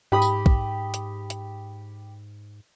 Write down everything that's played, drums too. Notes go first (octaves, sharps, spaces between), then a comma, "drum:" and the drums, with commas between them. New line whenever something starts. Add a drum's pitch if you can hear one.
G#2 G4 B5 D#6
drum: tambourine
drum: kick
drum: hi-hat
drum: hi-hat